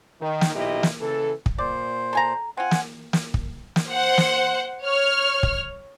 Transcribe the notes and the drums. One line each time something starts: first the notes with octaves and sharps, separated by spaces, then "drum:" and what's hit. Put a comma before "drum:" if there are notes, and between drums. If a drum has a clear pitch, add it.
D#3
drum: snare
B1 A#2 E4 G4 D#5
drum: snare
C#3 E3 A4
drum: kick
A#2 C5 D5
A4 G#5 A#5
C4 F4 F#5 G#5
drum: snare
drum: snare
drum: kick
drum: snare
C5 F#5
drum: snare
C#5 F6
drum: kick